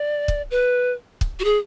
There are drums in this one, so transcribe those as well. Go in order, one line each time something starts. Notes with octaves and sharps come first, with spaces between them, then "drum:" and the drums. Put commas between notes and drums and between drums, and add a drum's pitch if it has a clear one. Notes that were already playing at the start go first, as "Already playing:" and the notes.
Already playing: D5
drum: kick
B4
drum: kick
F#4
G#4